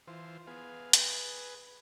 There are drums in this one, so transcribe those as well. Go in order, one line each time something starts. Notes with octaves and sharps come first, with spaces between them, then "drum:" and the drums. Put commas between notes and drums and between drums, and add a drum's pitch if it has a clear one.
E3 F4 C5
B3 G#4 F5
G#4 B4, drum: hi-hat